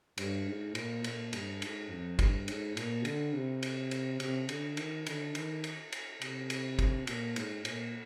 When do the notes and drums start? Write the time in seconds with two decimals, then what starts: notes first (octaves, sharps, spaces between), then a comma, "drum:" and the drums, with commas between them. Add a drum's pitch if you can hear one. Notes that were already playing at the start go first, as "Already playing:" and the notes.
0.18 G2, drum: cymbal
0.47 G#2
0.75 A#2, drum: cymbal
1.04 A#2, drum: cymbal
1.33 G2, drum: cymbal
1.62 G#2, drum: cymbal
1.90 F2
2.19 G2, drum: kick, cymbal
2.48 G#2, drum: cymbal
2.77 A#2, drum: cymbal
3.05 D3, drum: cymbal
3.34 C3
3.63 drum: cymbal
3.91 drum: cymbal
4.20 C3, drum: cymbal
4.49 D3, drum: cymbal
4.77 D#3, drum: cymbal
5.06 D3, drum: cymbal
5.35 D#3, drum: cymbal
5.64 drum: cymbal
5.92 drum: cymbal
6.22 C3, drum: cymbal
6.50 drum: cymbal
6.79 drum: kick, cymbal
7.07 A#2, drum: cymbal
7.36 G#2, drum: cymbal
7.65 A#2, drum: cymbal